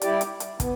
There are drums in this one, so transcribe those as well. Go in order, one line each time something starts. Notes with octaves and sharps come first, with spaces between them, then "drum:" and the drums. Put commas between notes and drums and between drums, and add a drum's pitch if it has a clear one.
G3 E4 G4 D5, drum: hi-hat
drum: hi-hat
drum: hi-hat
B3, drum: kick, hi-hat